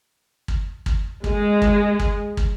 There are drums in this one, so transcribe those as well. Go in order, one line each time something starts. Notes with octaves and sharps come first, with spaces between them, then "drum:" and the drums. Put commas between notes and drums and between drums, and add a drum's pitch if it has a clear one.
drum: kick
drum: kick
G#3, drum: kick
drum: kick
drum: kick
drum: kick